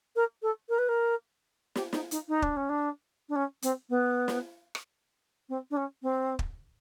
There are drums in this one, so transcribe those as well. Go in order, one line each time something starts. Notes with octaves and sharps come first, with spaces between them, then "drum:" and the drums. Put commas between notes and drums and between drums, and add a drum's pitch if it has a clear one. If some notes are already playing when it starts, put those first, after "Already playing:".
A#4
A4
A#4
B4
A#4
G4, drum: snare
D#4, drum: snare
D#4, drum: hi-hat
D#4
D4, drum: kick
C#4
D4
D4
C#4
C4, drum: hi-hat
B3
drum: snare
drum: rim click
C4
D4
C#4
C4
drum: kick